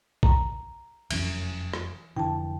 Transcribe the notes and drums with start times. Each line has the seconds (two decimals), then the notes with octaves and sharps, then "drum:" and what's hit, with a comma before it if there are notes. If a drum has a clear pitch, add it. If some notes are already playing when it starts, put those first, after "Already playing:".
0.23 A#5, drum: kick A#1
1.11 F1 F#2 E3 C#4, drum: cymbal
1.73 drum: rim click
2.16 F1 D3 E3 G5 A5